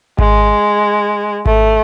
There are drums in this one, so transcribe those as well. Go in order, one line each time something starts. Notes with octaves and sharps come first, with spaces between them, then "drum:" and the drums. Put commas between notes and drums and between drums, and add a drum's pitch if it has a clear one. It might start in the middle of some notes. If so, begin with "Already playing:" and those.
G#3, drum: kick G#1
A3, drum: kick G#1